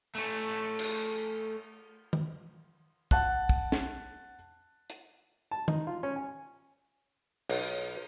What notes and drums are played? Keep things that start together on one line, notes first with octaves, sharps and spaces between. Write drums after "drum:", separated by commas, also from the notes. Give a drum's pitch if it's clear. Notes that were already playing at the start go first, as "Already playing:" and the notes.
A3 C#4
drum: cymbal
drum: tom D#3
F#5 A5 F#6, drum: kick
drum: kick
drum: snare
drum: hi-hat
A5
D#4, drum: tom D#3
F4
C#4
G#5
B1, drum: cymbal